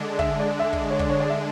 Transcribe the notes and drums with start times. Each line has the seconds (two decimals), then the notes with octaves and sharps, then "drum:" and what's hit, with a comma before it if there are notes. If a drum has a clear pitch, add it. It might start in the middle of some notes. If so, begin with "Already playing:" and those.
Already playing: D3 G#3 D4
0.19 E5, drum: kick
0.40 D5
0.59 E5
0.73 drum: kick
0.90 C#5
0.99 D5, drum: kick
1.09 C#5
1.20 D5
1.30 E5